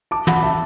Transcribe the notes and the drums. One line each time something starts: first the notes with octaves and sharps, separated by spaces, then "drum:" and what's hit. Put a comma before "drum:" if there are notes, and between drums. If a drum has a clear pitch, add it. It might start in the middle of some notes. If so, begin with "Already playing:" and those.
A5 D6
F#5 B5, drum: tom
E5 A5